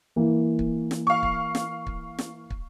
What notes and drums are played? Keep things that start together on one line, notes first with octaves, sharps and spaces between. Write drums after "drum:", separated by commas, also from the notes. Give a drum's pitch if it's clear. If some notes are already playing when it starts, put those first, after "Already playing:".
E3 A#3
drum: kick
drum: snare
F5 C#6
drum: kick
drum: snare
drum: kick
drum: snare
drum: kick